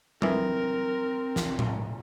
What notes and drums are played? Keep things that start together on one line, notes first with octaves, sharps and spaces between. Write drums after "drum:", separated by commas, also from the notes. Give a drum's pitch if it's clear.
F2 E3 C4 A#4, drum: tom F#3
drum: snare
drum: tom A2